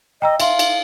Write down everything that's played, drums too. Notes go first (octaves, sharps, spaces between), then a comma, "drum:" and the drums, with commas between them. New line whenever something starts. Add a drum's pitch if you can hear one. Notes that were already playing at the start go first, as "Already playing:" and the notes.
D#5 G5 A#5 E6
E5 F5 C6, drum: cymbal
drum: cymbal